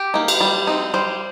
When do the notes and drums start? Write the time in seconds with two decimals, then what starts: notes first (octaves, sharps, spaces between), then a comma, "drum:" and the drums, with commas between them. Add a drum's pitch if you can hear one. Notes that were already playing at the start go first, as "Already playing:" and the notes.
Already playing: G4
0.14 A#3 D#4
0.28 drum: cymbal
0.41 G3
0.67 C4 D#4
0.94 G3 C5